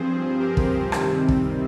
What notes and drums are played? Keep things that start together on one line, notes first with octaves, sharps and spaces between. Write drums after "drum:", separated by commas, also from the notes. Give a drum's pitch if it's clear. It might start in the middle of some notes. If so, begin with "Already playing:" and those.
Already playing: G2 F3 C4 G#4 C5
G4 A#4
drum: kick
C3 D#3 G3 C4, drum: rim click
drum: kick